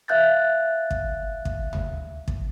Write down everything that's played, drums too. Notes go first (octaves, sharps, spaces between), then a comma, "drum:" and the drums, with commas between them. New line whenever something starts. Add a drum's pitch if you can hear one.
E5 F5 F#6 G6 A6
drum: kick
drum: kick
drum: tom D2
drum: kick